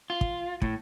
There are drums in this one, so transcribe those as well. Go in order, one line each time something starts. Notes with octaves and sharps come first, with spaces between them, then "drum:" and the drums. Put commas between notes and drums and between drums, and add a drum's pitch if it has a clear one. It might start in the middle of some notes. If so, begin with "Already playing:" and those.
F4
drum: kick
A2, drum: kick